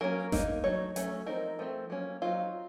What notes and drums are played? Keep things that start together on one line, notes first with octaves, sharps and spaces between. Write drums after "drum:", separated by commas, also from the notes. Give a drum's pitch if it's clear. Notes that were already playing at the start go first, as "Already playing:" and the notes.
F#3 A#3 C#4 A#4
D#3 A#3 D#4, drum: snare G1
F#3 A3 D#4 C#5
F#3 A3 C#4, drum: hi-hat
F3 C4 D#4 A#4
F3 A3 C4
F#3 A#3 C#4
F#3 C4 D#4 F4